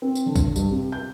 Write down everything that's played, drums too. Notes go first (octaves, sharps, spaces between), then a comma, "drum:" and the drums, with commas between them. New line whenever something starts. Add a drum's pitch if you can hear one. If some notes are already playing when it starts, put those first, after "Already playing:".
C4
drum: tambourine
D3
drum: kick, tambourine
G2, drum: tambourine
C3
G6